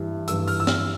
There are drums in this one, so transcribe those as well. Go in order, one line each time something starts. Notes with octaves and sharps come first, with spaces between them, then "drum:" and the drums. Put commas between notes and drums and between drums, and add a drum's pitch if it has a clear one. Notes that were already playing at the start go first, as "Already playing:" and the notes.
Already playing: G2 E3
G2 E3 E6, drum: hi-hat
F6, drum: open hi-hat
E6
F6, drum: snare